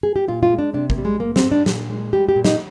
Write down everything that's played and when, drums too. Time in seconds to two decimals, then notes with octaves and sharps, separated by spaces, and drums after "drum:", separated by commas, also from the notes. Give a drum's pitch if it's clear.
0.03 G#4
0.16 G4
0.28 A#2 F4
0.43 F4
0.50 G#3
0.59 D4
0.74 C3 D4
0.90 A#3, drum: kick
0.98 G3
1.05 G#3
1.20 G#2 A#3
1.36 C4, drum: snare
1.43 G#2
1.51 D4
1.66 A#2, drum: snare
1.90 G#3
2.13 G3 G4
2.29 G4
2.36 A#2
2.44 D#4, drum: snare